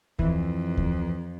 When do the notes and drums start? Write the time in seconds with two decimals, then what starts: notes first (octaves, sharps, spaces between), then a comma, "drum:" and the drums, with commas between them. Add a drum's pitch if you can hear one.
0.19 F2 E3, drum: kick D2
0.77 drum: kick D2